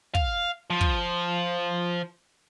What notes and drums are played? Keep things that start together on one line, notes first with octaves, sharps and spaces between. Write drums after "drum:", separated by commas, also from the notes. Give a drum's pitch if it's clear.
F5, drum: kick
F3
drum: kick